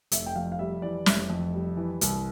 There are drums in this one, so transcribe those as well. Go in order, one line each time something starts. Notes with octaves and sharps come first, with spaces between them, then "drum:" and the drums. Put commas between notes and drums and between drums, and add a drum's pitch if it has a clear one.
F1 E5, drum: hi-hat
G5
F2 F5
F5
G3 E5
E3 D5
F1 E5, drum: snare
F2
G3
E3
C2, drum: hi-hat